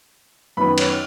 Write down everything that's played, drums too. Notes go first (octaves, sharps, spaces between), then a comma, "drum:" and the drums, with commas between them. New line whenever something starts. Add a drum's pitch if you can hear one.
F#2 D#3 B3 B5
C#5, drum: cymbal